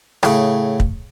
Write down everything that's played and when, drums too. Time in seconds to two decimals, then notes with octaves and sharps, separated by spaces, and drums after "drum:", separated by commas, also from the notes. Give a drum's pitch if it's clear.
0.23 A2 C#3, drum: rim click
0.80 drum: kick